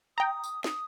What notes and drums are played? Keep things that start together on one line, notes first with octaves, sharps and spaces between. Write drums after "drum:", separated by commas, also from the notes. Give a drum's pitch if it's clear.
G5 A#5 D#6
drum: tambourine
D#6, drum: snare